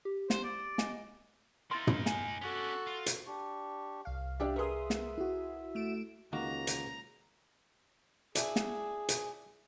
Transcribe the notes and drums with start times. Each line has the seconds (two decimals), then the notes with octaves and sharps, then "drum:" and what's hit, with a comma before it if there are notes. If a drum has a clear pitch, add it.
0.05 G4
0.30 C5, drum: snare
0.44 D5
0.78 D#5 G#5, drum: snare
1.71 A#3 D#4 E4 B5 C6 A6
1.87 drum: tom
2.06 G#5 B5, drum: snare
2.41 C#4 D4 F#4 A4
2.87 F4
3.06 drum: hi-hat
3.27 D4 G4 C#6
4.05 C2 F5
4.40 D4 G4 D5 E5
4.56 G#4 A#4 B4 C6 D#6
4.90 drum: snare
5.18 E4 F#4
5.75 A3 D7 E7
6.33 C#2 D#3 A#3 F#4 A#5
6.67 drum: hi-hat
8.35 D4 E4 G#4 G#5, drum: hi-hat
8.56 drum: snare
9.09 drum: hi-hat